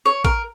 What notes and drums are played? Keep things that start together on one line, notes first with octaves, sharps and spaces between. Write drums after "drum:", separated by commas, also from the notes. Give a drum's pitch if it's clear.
C#5
A#4, drum: kick